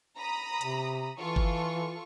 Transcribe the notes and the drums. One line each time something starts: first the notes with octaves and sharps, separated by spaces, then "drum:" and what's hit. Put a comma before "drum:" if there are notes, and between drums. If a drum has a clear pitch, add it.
A#5 B5 D#6
C3, drum: hi-hat
E3 F4 A4 C#6
drum: kick G1